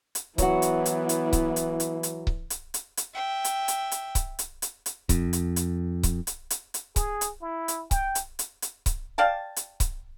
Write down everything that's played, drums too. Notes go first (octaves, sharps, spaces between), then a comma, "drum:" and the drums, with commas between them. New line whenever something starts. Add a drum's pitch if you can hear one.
drum: hi-hat
E3 F#3 B3 E4 F#4, drum: kick C#1, hi-hat
drum: hi-hat
drum: hi-hat
drum: hi-hat
drum: kick C#1, hi-hat
drum: hi-hat
drum: hi-hat
drum: hi-hat
drum: kick C#1
drum: hi-hat
drum: hi-hat
drum: hi-hat
E5 G5
drum: hi-hat
drum: hi-hat
drum: hi-hat
drum: kick C#1, hi-hat
drum: hi-hat
drum: hi-hat
drum: hi-hat
F2, drum: kick C#1, hi-hat
drum: hi-hat
drum: hi-hat
drum: kick C#1, hi-hat
drum: hi-hat
drum: hi-hat
drum: hi-hat
G#4, drum: kick C#1, hi-hat
drum: hi-hat
E4
drum: hi-hat
G5, drum: kick C#1, hi-hat
drum: hi-hat
drum: hi-hat
drum: hi-hat
drum: kick C#1, hi-hat
D5 F5 G5 A5
drum: hi-hat
drum: kick C#1, hi-hat